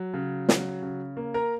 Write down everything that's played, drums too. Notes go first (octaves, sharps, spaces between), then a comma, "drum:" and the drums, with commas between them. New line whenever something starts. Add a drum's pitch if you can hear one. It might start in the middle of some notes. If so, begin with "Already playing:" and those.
Already playing: F#3
C#3
F#3, drum: snare
C#3
A#3
A#4 A#5